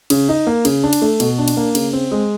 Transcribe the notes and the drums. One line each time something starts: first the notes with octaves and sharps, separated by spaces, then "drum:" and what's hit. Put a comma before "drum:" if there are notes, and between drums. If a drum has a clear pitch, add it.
C#3, drum: cymbal
D#4
A#3
C#3, drum: cymbal
D4
drum: cymbal
A3
B2, drum: cymbal
D4
drum: cymbal
A#3
C#3, drum: cymbal
C4
G#3